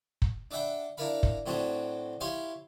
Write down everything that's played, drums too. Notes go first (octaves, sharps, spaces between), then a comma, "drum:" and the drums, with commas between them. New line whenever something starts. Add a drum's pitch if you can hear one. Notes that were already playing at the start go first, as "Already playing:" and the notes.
drum: kick
D4 D5 E5 F#5 G5 B5
D4 E4 A#4 F5 B5
drum: kick
A2 F#3 C4 D4 F#4
E4 G4 C#5 F5 C6